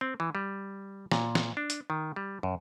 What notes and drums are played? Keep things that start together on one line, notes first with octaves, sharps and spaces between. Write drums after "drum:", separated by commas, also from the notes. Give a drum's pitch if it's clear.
C4
E3
G3
A#2, drum: snare
drum: snare
D4
drum: hi-hat
D#3
G3
F#2